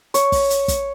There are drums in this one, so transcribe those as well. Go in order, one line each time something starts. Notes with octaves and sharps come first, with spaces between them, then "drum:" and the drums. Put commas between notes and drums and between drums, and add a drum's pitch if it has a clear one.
C#5, drum: hi-hat
drum: kick, open hi-hat
drum: hi-hat
drum: kick, hi-hat